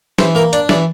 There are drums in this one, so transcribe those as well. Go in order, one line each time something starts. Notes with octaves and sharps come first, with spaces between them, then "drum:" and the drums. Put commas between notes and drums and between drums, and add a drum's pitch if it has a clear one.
E3 C5, drum: snare
A#3 A#4
D4 D5, drum: hi-hat
E3 D5, drum: snare